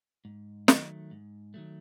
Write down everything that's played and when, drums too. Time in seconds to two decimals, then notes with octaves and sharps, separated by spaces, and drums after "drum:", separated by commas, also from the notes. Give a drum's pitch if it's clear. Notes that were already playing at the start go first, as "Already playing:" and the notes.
0.25 G#2
0.68 D#3 F#3 A3, drum: snare
1.11 G#2
1.54 D#3 F#3 A3